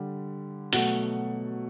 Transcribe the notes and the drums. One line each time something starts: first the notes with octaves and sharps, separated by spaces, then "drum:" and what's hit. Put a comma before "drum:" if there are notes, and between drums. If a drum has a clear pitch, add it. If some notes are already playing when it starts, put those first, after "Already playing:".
Already playing: D3 G3
B2 F#3 A3 F#5, drum: open hi-hat